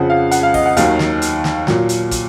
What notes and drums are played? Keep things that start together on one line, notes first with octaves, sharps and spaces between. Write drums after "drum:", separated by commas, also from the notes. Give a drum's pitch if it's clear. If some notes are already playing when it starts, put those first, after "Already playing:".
Already playing: F2 C#3 F3 F#5
F5
F#5, drum: hi-hat
F5
D#5, drum: kick, open hi-hat
F#5
D#2 D#3 F#3 F5, drum: hi-hat
drum: snare
drum: hi-hat
drum: snare
A#2 F#3, drum: snare
drum: hi-hat
drum: kick, hi-hat